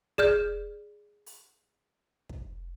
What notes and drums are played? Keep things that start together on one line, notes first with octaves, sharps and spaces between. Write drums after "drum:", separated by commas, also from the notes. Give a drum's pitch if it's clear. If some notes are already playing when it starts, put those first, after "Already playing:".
G#4 D5 F6 G6, drum: kick
drum: open hi-hat
drum: kick